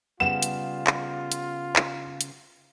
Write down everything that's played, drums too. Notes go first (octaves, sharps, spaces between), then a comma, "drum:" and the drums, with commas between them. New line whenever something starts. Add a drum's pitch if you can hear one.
C#3 G3 B3 F4 F#5 E7
drum: hi-hat
drum: clap
drum: hi-hat
drum: clap
drum: hi-hat